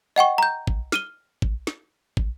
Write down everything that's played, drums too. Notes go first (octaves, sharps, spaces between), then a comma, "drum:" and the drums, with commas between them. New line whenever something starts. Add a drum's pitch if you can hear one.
D#5 F#5 G5 C#6
A#5 G6
drum: kick
F6 D#7 G7, drum: snare
drum: kick
drum: snare
drum: kick